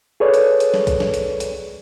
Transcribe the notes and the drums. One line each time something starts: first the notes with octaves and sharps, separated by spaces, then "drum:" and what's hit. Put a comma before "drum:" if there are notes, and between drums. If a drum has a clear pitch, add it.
G#4 A4 B4 C#5 D5
drum: hi-hat
drum: hi-hat
drum: snare
drum: kick B1, hi-hat
drum: snare
drum: hi-hat
drum: hi-hat